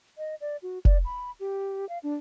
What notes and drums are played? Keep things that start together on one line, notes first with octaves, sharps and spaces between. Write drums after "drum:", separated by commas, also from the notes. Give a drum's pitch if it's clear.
D#5
D5
F#4
D5, drum: kick F1
B5
G4
F5
D4